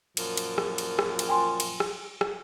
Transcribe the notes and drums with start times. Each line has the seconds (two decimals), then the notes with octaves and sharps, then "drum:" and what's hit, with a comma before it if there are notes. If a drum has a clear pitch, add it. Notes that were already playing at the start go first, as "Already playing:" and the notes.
0.17 F#2 A#2 F3, drum: cymbal
0.37 drum: cymbal
0.58 drum: rim click
0.78 drum: cymbal
0.99 drum: rim click
1.19 drum: cymbal
1.28 G5 G#5 C6
1.60 drum: cymbal
1.80 drum: rim click
2.21 drum: rim click